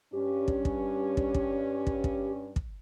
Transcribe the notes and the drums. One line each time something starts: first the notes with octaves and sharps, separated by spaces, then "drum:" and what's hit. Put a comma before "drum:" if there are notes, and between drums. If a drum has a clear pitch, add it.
G2 C#4 G4
drum: kick
drum: kick
drum: kick
drum: kick
drum: kick
drum: kick
drum: kick